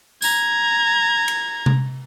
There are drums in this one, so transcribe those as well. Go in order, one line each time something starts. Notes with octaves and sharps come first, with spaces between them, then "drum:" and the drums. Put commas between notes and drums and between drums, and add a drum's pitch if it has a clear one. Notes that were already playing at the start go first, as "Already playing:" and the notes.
A#5 G#6, drum: tambourine
drum: cymbal
drum: tom C3